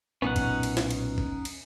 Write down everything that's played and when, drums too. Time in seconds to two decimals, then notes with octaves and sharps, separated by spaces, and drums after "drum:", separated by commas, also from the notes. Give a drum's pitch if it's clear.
0.22 B1 A#2 B3 C#4 D#4 F#5
0.36 drum: kick, cymbal
0.63 drum: cymbal
0.77 drum: snare
0.91 drum: cymbal
1.18 drum: kick
1.45 drum: cymbal